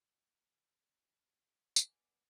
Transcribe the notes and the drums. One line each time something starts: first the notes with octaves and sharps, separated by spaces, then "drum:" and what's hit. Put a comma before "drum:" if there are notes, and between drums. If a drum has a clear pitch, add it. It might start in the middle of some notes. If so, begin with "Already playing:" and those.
B3 D5 G#5, drum: tambourine